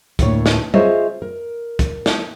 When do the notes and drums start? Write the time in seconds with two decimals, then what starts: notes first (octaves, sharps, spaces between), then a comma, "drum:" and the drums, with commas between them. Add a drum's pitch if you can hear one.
0.19 D2 A2 A#3 C#5, drum: kick, hi-hat
0.46 drum: snare
0.74 F4 G#4 C5 C#5 D#5 E5, drum: tom G3
1.22 A#4
1.79 drum: kick, hi-hat
2.06 drum: snare